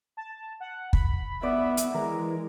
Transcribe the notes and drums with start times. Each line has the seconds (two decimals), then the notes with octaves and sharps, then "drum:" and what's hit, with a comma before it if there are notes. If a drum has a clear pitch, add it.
0.17 A5
0.60 F#5
0.93 B5, drum: kick
1.43 B3 D5 E5
1.77 drum: hi-hat
1.94 E3 G#3 A#4